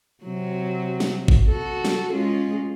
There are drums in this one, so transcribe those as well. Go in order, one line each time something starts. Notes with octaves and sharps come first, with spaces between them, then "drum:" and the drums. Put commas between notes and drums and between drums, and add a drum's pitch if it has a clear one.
C3 F#3
drum: snare
drum: kick G#1
F#4 A4
drum: snare
G#3 C#4 F4